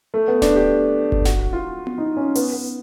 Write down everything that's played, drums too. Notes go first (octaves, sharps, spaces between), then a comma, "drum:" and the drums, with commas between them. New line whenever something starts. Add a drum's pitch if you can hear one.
A3
B3
D4, drum: snare D1
G4
drum: kick G1
F#4, drum: snare D1
F4
drum: tom B3
D#4
C#4
B3, drum: open hi-hat
B3